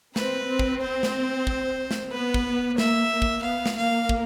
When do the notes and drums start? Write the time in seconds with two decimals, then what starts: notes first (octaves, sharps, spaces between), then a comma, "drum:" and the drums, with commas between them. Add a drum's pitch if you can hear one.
0.16 C4 B4, drum: snare
0.48 C4
0.59 drum: kick
0.81 C5
1.03 drum: snare
1.47 drum: kick
1.91 drum: snare
2.13 B3 B4
2.34 drum: kick
2.78 A#3 E5, drum: snare
3.11 A#3
3.22 drum: kick
3.43 B3 F5
3.66 drum: snare
3.76 A#3 F5
4.09 drum: kick